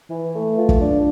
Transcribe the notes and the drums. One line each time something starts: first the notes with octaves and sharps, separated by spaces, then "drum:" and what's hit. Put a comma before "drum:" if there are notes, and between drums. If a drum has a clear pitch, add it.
E3
A3
F4
drum: kick
D4